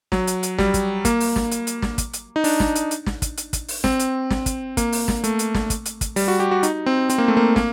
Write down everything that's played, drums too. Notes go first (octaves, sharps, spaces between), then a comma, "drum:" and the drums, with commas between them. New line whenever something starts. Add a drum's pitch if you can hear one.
F#3, drum: snare
drum: hi-hat
drum: hi-hat
G3, drum: snare
drum: kick, hi-hat
A#3, drum: kick, hi-hat
drum: open hi-hat
drum: snare
drum: hi-hat
drum: hi-hat
drum: snare
drum: kick, hi-hat
drum: hi-hat
D#4
D4, drum: open hi-hat
drum: snare
drum: hi-hat
drum: hi-hat
drum: snare
drum: kick, hi-hat
drum: hi-hat
drum: kick, hi-hat
drum: open hi-hat
C4, drum: snare
drum: hi-hat
drum: snare
drum: kick, hi-hat
A#3, drum: kick, hi-hat
drum: open hi-hat
drum: snare
A3, drum: hi-hat
drum: hi-hat
drum: snare
drum: kick, hi-hat
drum: hi-hat
drum: kick, hi-hat
G3, drum: open hi-hat
F#4
G4
F#4
D#4, drum: hi-hat
C4
C4, drum: hi-hat
A#3
A3
A#3
A#3, drum: snare